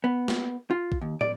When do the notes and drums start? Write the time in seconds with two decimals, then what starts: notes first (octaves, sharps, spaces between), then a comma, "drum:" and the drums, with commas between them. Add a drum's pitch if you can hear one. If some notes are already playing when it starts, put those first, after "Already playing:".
0.04 B3
0.28 drum: snare
0.71 F4
0.92 drum: kick A#1
1.01 D#2
1.21 D5, drum: tom